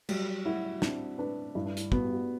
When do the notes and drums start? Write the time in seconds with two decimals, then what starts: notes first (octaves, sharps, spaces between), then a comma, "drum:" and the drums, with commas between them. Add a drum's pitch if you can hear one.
0.09 F#3 G3, drum: cymbal
0.45 E4 F#4
0.82 C4 D4, drum: snare
1.18 D4 B4
1.55 G2 E4
1.66 D4
1.77 E4, drum: hi-hat
1.92 B3 F#4, drum: kick
2.02 G4
2.13 F#4